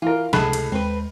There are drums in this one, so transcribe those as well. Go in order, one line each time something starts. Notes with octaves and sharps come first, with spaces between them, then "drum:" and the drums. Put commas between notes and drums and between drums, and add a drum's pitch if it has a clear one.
E3 F4 A#4
C#2 A2 C3 G#4 A4 B5 F#6, drum: snare
drum: cymbal
D#2 G#3 C4 B4